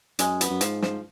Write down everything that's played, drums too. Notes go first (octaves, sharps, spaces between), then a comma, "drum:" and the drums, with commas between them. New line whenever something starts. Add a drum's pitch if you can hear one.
F#2 G#3, drum: hi-hat
B3, drum: hi-hat
F#2
G#2 F3, drum: hi-hat
F3, drum: snare